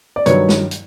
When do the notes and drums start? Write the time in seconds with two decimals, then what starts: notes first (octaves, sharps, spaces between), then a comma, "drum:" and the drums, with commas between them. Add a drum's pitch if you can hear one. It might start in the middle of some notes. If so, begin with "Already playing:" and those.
0.16 D5
0.26 G2 D#3 F#3 B4 C#5, drum: hi-hat
0.49 drum: snare
0.71 drum: hi-hat